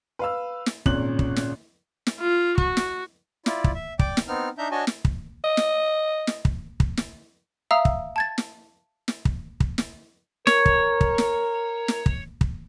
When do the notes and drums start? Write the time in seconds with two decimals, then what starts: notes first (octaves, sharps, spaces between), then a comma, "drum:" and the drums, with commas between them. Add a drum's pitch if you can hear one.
0.19 B4 F5 E6
0.66 drum: snare
0.86 G#1 A#2 C#3 C#4 F#6 F#7, drum: kick
1.19 drum: kick
1.36 drum: snare
2.07 drum: snare
2.20 F4
2.58 F#4, drum: kick
2.77 drum: snare
3.46 E4 F4 D5, drum: snare
3.64 drum: kick
3.75 E5
3.99 D5 G5 D6, drum: kick
4.17 drum: snare
4.28 B3 C4 D#4 F6
4.58 D4 D#4 E5 A#5 G6
4.71 D4 F#4 C#5 D#5 G#5 A5
4.87 drum: snare
5.05 drum: kick
5.44 D#5
5.57 drum: snare
6.27 drum: snare
6.45 drum: kick
6.80 drum: kick
6.97 drum: snare
7.71 E5 F5 A#5 D#6 E6
7.85 drum: kick
8.16 A5 G#6 A6
8.38 drum: snare
9.08 drum: snare
9.25 drum: kick
9.60 drum: kick
9.78 drum: snare
10.47 A#4 C#5, drum: snare
10.66 drum: kick
11.01 drum: kick
11.18 drum: snare
11.88 drum: snare
12.06 drum: kick
12.41 drum: kick